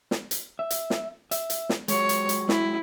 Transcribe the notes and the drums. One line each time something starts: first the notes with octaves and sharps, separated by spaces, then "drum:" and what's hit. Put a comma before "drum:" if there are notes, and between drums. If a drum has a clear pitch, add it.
drum: snare
drum: hi-hat
E5
drum: hi-hat
drum: snare
E5, drum: hi-hat
drum: hi-hat
drum: snare
F#3 G#3 C#5, drum: hi-hat
drum: hi-hat
drum: hi-hat
E4, drum: snare